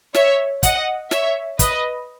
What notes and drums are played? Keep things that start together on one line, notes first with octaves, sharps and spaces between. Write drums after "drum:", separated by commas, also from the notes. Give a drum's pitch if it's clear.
C#5 E5, drum: snare
D#5 F#5, drum: kick, hi-hat
C#5 E5, drum: snare
B4 D#5, drum: kick, hi-hat